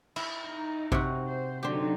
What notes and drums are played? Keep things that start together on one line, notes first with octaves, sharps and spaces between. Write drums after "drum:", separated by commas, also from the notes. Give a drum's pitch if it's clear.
E4, drum: cymbal
D#4
C3 F#4, drum: kick A1
C5
D3 F#3 D#4 G4 C5